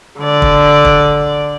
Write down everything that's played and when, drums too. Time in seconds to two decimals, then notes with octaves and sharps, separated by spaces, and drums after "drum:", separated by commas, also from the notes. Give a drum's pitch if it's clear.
0.20 D3 D5
0.42 drum: kick
0.85 drum: kick